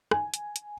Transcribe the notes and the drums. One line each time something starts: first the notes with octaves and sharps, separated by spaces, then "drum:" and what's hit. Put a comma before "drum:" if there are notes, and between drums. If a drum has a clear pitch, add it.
G#5, drum: rim click
drum: hi-hat
drum: hi-hat